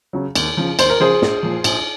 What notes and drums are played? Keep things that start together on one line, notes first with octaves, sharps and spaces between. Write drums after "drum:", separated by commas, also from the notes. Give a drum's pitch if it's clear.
C#3 F#3
D#2, drum: cymbal
C#3 F3
D#2 C5, drum: cymbal
A#4
C#3 F3 G#4 C5
A#1, drum: snare
A#2 F3
A#1, drum: cymbal